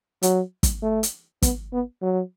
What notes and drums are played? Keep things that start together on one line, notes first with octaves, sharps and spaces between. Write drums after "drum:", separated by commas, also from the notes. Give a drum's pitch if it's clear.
F#3, drum: hi-hat
drum: kick, hi-hat
A3
drum: hi-hat
B3, drum: kick, hi-hat
B3
F#3